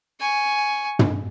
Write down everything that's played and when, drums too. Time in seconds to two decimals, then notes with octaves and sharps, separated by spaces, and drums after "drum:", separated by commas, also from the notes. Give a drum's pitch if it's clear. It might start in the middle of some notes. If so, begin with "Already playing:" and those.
0.20 G#5 C#6
0.99 drum: tom